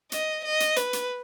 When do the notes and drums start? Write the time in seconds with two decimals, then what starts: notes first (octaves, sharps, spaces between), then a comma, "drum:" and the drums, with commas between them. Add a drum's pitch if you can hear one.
0.12 D#5, drum: hi-hat
0.45 D#5
0.60 drum: hi-hat
0.76 B4, drum: hi-hat
0.93 drum: hi-hat